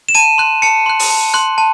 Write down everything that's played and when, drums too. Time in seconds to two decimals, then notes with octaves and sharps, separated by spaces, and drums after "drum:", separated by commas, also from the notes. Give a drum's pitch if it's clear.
0.09 E7
0.15 A5 D#7
0.38 C6 F#6
0.62 A5 C#7
0.86 C6 F#6
0.99 drum: open hi-hat
1.10 A5
1.34 C6 F#6
1.58 A5